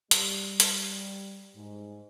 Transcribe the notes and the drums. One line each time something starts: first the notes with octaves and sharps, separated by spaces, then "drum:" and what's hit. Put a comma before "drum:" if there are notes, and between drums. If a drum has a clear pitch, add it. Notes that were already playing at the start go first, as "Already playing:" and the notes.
G3, drum: hi-hat
drum: hi-hat
G#2